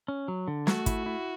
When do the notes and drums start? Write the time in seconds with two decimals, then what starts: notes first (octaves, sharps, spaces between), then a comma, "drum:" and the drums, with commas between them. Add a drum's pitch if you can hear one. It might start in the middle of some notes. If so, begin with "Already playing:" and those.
0.08 C#4
0.28 F#3
0.48 D3
0.67 A3 F#4, drum: snare
0.86 E4, drum: kick, hi-hat
1.06 E4